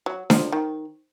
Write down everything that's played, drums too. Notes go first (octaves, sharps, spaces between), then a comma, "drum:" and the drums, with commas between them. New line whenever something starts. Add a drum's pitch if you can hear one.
F#3
F3, drum: snare D4
D#3